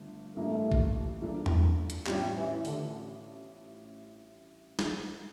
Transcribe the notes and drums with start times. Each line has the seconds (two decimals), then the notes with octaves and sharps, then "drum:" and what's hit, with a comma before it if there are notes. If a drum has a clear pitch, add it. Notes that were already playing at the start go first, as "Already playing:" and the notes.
Already playing: G1 G2 A3
0.36 A1 G2 E3 A3 A#3
0.72 drum: kick
1.21 G2 E3 A#3 D4 A4
1.46 drum: tom E2
1.90 drum: hi-hat
2.07 A1 A2 F3 G3 C#4 F4, drum: clap
2.36 E3
2.65 D3, drum: open hi-hat
4.79 drum: snare